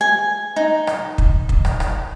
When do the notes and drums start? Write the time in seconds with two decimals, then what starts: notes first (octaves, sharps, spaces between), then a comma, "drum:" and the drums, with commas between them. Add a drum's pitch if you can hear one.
0.01 G#5
0.56 D#4
0.87 drum: rim click
1.18 drum: kick
1.49 drum: kick
1.65 drum: rim click
1.80 drum: rim click